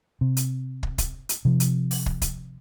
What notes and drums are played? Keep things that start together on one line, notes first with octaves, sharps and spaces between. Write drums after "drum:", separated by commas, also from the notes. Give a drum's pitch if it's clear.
C3
drum: hi-hat
drum: kick
drum: kick, hi-hat
drum: hi-hat
C3 F3
drum: hi-hat
drum: open hi-hat
drum: kick
drum: kick, hi-hat